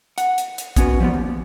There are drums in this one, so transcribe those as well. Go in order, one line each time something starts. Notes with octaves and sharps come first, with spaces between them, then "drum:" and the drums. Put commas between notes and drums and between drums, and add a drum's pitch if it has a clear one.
F#5, drum: hi-hat
drum: hi-hat
drum: hi-hat
B3 C#4 F#4 B4, drum: kick, hi-hat
F3 G3 A3 B3
D#2